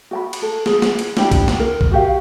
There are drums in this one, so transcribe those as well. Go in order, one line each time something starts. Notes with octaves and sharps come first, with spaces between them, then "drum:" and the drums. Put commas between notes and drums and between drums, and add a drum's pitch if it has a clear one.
F#4 G5 B5
drum: cymbal
A4
G#4, drum: snare
drum: snare
drum: cymbal
D4 E4 G4 B5, drum: snare
drum: kick C2, cymbal
drum: snare
A#4
drum: kick C2
F#4 G4 F5